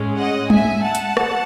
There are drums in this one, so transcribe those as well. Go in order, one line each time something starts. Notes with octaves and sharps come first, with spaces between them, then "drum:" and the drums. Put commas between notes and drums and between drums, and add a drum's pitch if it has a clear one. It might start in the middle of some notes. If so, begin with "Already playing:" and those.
Already playing: A2 G#3 C#4
D#5 F#5
E5 G#5, drum: tom G3
F#5 A5
drum: hi-hat
drum: rim click